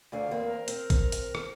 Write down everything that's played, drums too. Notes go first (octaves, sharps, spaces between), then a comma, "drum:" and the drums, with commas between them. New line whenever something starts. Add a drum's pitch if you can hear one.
D2 D3 F5
E2 A#3 C4
A#4
C4, drum: hi-hat
drum: kick, hi-hat
drum: hi-hat
drum: rim click